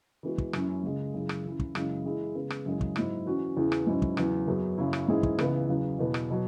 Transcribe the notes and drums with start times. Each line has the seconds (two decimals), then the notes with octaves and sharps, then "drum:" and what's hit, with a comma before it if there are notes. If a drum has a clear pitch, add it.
0.23 E3 G#3 B3 F#4
0.38 drum: kick
0.53 F#2 F#3 C#4 E4, drum: rim click
0.83 C#2 C#3 G#3
1.14 F#2 C#3 F#3 E4 G#4
1.29 drum: rim click
1.45 E3 C#4 E4
1.60 drum: kick
1.75 F#2 C#3 E3 G#3 E4, drum: rim click
2.05 E3 G#3 E4 G#4
2.35 C#3 G#3 B3
2.50 drum: rim click
2.66 F#2 C#3 G#3 E4 G#4
2.81 drum: kick
2.96 G#2 F#3 E4, drum: rim click
3.26 E3 C#4 F#4
3.56 E2 C#3 E3 C#4 G#4
3.72 drum: rim click
3.87 G#2 F#3 C#4 E4
4.02 drum: kick
4.17 E2 C#3 F#3, drum: rim click
4.47 F#2 F#3 B3 G#4
4.78 F#2 C#3 F#3 E4
4.93 drum: rim click
5.08 G#2 E3 C#4 E4 G#4
5.23 drum: kick
5.39 C#2 C#3 E3 B3 E4, drum: rim click
5.69 E2 C#3 F#3
5.99 E2 B2 B3
6.14 drum: rim click
6.31 B2 F#3